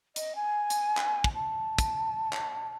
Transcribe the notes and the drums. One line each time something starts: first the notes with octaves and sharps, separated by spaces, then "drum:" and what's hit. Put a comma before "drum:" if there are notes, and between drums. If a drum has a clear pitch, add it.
D#5, drum: hi-hat
G#5
drum: hi-hat
drum: clap
drum: kick
A5
drum: kick, hi-hat
drum: clap